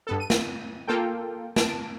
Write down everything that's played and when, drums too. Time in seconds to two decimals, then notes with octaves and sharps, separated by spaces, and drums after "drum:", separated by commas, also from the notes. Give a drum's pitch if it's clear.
0.07 G2 B3 A4
0.20 D#7
0.30 drum: snare
0.88 A#3 F4 A4 G5
1.56 A5 D7, drum: snare